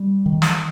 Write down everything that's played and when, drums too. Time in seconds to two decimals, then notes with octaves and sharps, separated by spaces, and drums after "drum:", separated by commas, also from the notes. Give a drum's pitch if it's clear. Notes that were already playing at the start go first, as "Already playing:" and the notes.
Already playing: G3
0.26 D#3
0.42 drum: snare